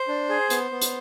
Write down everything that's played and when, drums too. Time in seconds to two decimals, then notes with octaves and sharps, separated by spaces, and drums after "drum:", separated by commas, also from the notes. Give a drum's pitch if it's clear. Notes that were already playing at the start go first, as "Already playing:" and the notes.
Already playing: C5
0.08 D4
0.29 G#4
0.50 B3, drum: hi-hat
0.71 B3
0.81 drum: hi-hat